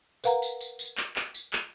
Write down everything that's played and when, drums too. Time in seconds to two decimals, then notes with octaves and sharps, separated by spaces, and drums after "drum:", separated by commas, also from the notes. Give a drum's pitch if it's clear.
0.24 A#4 B4 F5 F#5 A#5, drum: tambourine
0.42 drum: tambourine
0.61 drum: tambourine
0.79 drum: tambourine
0.98 drum: clap
1.16 drum: clap
1.34 drum: tambourine
1.53 drum: clap